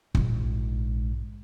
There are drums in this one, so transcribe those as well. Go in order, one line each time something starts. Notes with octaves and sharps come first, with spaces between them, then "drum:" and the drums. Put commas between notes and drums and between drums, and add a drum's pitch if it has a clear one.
A#1 G#2, drum: kick